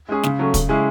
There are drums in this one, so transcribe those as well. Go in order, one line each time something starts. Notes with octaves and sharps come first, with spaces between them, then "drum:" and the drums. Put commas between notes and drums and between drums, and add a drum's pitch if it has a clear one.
G#3 C#4 G#4
C#3, drum: snare
F#3 A3 C#4
C#3, drum: kick, hi-hat
G#3 C#4 E4 G#4